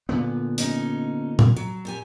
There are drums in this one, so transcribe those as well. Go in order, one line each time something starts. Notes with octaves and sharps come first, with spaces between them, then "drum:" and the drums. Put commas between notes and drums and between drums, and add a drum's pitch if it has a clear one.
A#2 D3 B3
C#4 D#4, drum: hi-hat
drum: tom A#2
F#3
A#2 G4 G#5